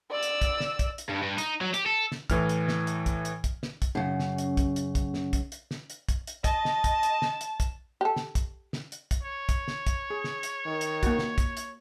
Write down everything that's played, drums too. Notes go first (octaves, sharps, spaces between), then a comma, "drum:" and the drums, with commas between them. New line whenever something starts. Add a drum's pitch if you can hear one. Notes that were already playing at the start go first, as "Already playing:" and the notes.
D5 E6
drum: hi-hat
drum: kick, hi-hat
drum: snare
drum: kick, hi-hat
drum: hi-hat
G2
G2
D#4, drum: hi-hat
F#3
G4, drum: hi-hat
A4
drum: snare
A2 E3 F6, drum: kick, hi-hat
drum: hi-hat
drum: snare
drum: hi-hat
drum: kick, hi-hat
drum: hi-hat
drum: kick, hi-hat
drum: snare
drum: kick, hi-hat
F#2 C#3
drum: snare
drum: hi-hat
drum: kick, hi-hat
drum: hi-hat
drum: kick, hi-hat
drum: snare
drum: kick, hi-hat
drum: hi-hat
drum: snare
drum: hi-hat
drum: kick, hi-hat
drum: hi-hat
D#5 A5, drum: kick, hi-hat
drum: snare
drum: kick, hi-hat
drum: hi-hat
drum: snare
drum: hi-hat
drum: kick, hi-hat
G4 A4
drum: snare
drum: kick, hi-hat
drum: snare
drum: hi-hat
drum: kick, hi-hat
C#5
drum: kick, hi-hat
drum: snare
drum: kick, hi-hat
G#4
drum: snare
drum: hi-hat
D#3
drum: hi-hat
A#3 F#4, drum: kick, hi-hat
drum: snare
drum: kick, hi-hat
drum: hi-hat